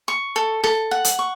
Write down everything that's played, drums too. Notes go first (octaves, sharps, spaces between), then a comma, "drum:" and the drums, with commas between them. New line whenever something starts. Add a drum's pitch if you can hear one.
C#6
A4
A4, drum: rim click
F#5
drum: hi-hat
C#6